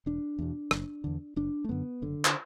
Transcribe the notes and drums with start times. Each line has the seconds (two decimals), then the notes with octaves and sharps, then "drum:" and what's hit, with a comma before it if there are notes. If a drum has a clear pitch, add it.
0.06 E1 D4
0.39 E2 B2
0.71 F#1, drum: rim click
1.04 E2 D3
1.36 F#1 D4
1.64 A3
1.69 F#2 D3 B3
2.02 F#1 D3
2.25 drum: clap